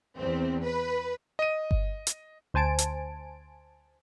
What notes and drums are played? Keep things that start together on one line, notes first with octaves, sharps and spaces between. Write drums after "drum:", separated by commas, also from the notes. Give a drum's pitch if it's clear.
E2 C4
B4
D#5 D#7
drum: kick G1
drum: hi-hat
D2 C5 G#5 A5 D7
drum: hi-hat